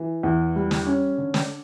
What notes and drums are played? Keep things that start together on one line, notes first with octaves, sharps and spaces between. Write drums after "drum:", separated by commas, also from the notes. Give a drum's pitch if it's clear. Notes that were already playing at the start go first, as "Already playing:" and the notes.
Already playing: E3
E2
G3
drum: snare
C#4
D3
drum: snare